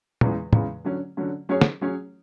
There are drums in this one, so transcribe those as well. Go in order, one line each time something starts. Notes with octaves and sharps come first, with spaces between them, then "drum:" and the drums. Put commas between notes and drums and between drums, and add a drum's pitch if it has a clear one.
E2 C#3 E3 G#3, drum: tom
E2 C#3 E3 G#3, drum: tom
D3 F#3 C#4
D3 F#3 C#4
F#3 C#4 G#4 C#5
drum: snare
F#3 C#4 G#4 C#5